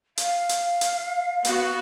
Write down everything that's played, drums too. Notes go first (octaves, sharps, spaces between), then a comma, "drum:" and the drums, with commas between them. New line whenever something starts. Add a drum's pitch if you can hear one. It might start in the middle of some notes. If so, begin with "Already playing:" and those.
F5, drum: hi-hat
drum: hi-hat
drum: hi-hat
B3 F#4, drum: hi-hat